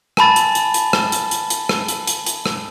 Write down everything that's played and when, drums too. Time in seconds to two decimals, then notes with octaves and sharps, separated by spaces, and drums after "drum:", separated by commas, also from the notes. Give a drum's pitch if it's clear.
0.17 G#5 A5 B5 A6, drum: rim click
0.36 drum: hi-hat
0.55 drum: hi-hat
0.74 drum: hi-hat
0.93 drum: rim click
1.12 drum: hi-hat
1.31 drum: hi-hat
1.50 drum: hi-hat
1.69 drum: rim click
1.88 drum: hi-hat
2.07 drum: hi-hat
2.27 drum: hi-hat
2.46 drum: rim click